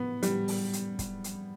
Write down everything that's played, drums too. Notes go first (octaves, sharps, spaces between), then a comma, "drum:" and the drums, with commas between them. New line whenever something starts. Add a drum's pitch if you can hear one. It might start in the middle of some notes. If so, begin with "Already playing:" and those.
Already playing: B3
G3, drum: hi-hat
drum: open hi-hat
drum: hi-hat
drum: kick, hi-hat
drum: hi-hat